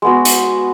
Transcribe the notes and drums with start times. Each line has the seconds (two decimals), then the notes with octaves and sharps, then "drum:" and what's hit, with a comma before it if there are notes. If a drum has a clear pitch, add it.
0.02 G#3 B3 F#4
0.25 drum: hi-hat